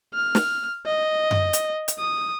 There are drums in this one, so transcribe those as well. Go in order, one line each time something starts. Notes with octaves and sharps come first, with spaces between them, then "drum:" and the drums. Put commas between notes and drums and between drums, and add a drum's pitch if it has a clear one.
F6
drum: snare
D#5
drum: tom F#2
drum: hi-hat
drum: hi-hat
D#6